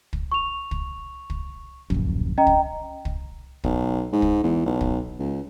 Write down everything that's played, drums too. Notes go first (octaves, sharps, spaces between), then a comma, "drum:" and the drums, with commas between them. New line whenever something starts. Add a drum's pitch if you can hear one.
drum: kick
C#6 F7
drum: kick
drum: kick
D1 A#1 F#2, drum: kick
C#4 D#5 G5 A#5
drum: kick
drum: kick
B1, drum: kick
G#2
drum: kick
E2
B1
drum: kick
C#2